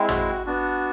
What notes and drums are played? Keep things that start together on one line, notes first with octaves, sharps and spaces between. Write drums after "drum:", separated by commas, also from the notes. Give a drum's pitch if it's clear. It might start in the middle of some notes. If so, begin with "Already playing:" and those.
Already playing: G#3 C4 E4
F#4, drum: tom
B3 D4 F#4